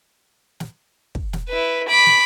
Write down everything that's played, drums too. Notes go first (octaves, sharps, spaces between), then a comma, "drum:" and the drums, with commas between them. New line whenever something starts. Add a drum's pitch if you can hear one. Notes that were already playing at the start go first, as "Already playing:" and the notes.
drum: snare
drum: kick
drum: snare
E4 B4
B5 D6
drum: snare